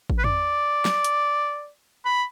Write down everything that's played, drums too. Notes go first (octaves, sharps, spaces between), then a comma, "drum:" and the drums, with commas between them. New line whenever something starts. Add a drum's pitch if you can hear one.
drum: kick G#1
B4
D5, drum: tom
drum: snare
drum: hi-hat
B5